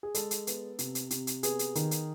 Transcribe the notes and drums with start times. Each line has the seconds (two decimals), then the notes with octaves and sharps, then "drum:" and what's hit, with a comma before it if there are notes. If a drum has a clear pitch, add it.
0.03 G#4
0.15 G#3 A4, drum: hi-hat
0.31 drum: hi-hat
0.47 B3, drum: hi-hat
0.79 C3, drum: hi-hat
0.95 drum: hi-hat
1.10 C3, drum: hi-hat
1.27 drum: hi-hat
1.43 B3 G#4, drum: hi-hat
1.59 drum: hi-hat
1.75 D#3, drum: hi-hat
1.91 drum: hi-hat